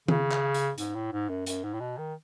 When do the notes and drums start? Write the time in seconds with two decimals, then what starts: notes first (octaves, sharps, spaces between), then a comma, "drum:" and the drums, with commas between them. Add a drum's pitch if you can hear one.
0.08 C#3, drum: tom D#3
0.31 drum: clap
0.54 drum: hi-hat
0.78 G#2, drum: hi-hat
0.95 A2
1.12 G#2
1.29 F#2
1.46 F#2, drum: hi-hat
1.64 G#2
1.73 A2
1.81 B2
1.98 D#3